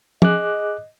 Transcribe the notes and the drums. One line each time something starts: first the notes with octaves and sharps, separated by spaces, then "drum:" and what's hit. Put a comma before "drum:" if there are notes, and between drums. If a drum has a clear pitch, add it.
G#4 D#5 D6 F#6, drum: tom F3